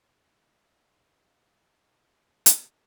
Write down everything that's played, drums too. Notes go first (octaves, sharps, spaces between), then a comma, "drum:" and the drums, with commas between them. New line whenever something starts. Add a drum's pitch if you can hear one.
D#4 F5
drum: hi-hat